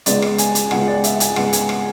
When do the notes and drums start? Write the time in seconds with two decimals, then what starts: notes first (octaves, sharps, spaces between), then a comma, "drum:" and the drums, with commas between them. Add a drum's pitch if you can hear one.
0.06 C#2 C#3 G#3 B3 D5, drum: hi-hat
0.22 drum: rim click
0.38 G#5, drum: hi-hat
0.55 drum: hi-hat
0.71 C#2 C#3 G#3 B3 F#5, drum: rim click
0.87 D5
1.04 E5, drum: hi-hat
1.20 G#5, drum: hi-hat
1.36 C#2 C#3 G#3 B3 F#5, drum: rim click
1.53 G#5, drum: hi-hat
1.69 drum: rim click